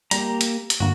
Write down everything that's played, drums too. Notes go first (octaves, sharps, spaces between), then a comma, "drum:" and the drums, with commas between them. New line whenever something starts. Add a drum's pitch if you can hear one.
G3 A#3 G4 A#5, drum: hi-hat
drum: hi-hat
drum: hi-hat
G2 D3 A#3 F#4